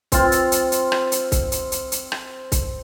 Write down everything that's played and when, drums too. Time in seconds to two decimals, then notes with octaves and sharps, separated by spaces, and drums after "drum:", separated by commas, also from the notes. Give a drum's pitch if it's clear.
0.12 C4 F4, drum: kick C2, hi-hat
0.32 drum: hi-hat
0.52 drum: hi-hat
0.72 drum: hi-hat
0.92 drum: rim click
1.12 drum: hi-hat
1.32 drum: kick C2, hi-hat
1.52 drum: hi-hat
1.72 drum: hi-hat
1.92 drum: hi-hat
2.12 drum: rim click
2.52 drum: kick C2, hi-hat